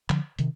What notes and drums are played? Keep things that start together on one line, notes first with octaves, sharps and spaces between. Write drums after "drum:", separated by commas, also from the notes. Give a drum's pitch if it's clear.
D3 F3, drum: clap
C3 D#3, drum: hi-hat